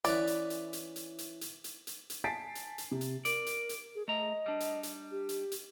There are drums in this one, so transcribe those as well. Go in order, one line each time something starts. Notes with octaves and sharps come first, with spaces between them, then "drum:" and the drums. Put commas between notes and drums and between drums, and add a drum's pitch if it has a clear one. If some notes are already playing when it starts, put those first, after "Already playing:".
E3 C#4 B4 D5, drum: hi-hat
drum: hi-hat
drum: hi-hat
drum: hi-hat
drum: hi-hat
drum: hi-hat
drum: hi-hat
drum: hi-hat
drum: hi-hat
drum: hi-hat
G#5 A5 A6 B6 C7 D7
drum: hi-hat
drum: hi-hat
C3
drum: hi-hat
A#4 D5, drum: hi-hat
drum: hi-hat
drum: hi-hat
G#4
A3 D#5 A#5
G3 D4
drum: hi-hat
drum: hi-hat
G4
drum: hi-hat
drum: hi-hat